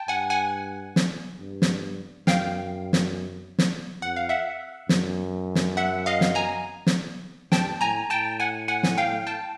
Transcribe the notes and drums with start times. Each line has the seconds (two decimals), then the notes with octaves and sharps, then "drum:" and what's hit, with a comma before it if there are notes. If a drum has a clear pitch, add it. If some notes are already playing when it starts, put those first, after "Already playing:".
Already playing: G5 A5
0.08 G2 F#5 G#5
0.30 F#5 G#5
0.96 drum: snare
1.40 G2
1.62 drum: snare
2.27 F#2 F5 G5, drum: snare
2.93 drum: snare
3.59 drum: snare
4.02 F2 F#5
4.16 F5
4.29 E5 F#5
4.89 F#2, drum: snare
5.55 drum: snare
5.77 E5 F#5
6.06 D#5 F5
6.21 drum: snare
6.35 G#5 A#5
6.87 drum: snare
7.52 G2 G5 A5, drum: snare
7.81 A2 G#5 A#5
8.10 A2 G5 A5
8.40 F#5 G#5
8.68 F#5 G#5
8.83 drum: snare
8.98 F5 G5
9.27 G5 A5